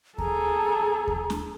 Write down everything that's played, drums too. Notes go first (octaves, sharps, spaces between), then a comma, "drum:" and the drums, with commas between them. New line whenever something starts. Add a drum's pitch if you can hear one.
G#4 A4 A#5, drum: kick D#2
drum: kick D#2
drum: snare